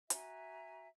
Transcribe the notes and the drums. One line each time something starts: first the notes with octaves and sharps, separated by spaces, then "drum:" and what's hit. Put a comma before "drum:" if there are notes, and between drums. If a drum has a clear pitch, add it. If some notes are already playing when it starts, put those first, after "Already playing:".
F#4 E5 G#5 A#5, drum: hi-hat